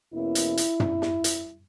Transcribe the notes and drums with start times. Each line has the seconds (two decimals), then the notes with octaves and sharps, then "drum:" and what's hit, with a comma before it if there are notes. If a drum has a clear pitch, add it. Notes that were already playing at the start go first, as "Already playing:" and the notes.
0.13 E2 B2 A#3 C#4 E4
0.35 drum: hi-hat
0.57 drum: hi-hat
0.80 drum: tom
1.02 drum: snare
1.24 drum: hi-hat